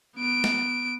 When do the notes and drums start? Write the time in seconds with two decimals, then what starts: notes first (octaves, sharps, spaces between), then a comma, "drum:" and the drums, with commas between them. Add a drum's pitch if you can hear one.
0.16 B3 D7
0.44 drum: snare